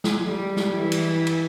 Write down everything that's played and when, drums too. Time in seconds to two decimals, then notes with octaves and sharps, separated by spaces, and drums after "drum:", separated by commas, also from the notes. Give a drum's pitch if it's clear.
0.04 drum: snare
0.25 G3
0.57 drum: snare
0.74 E3 E4
0.92 drum: cymbal
1.27 drum: cymbal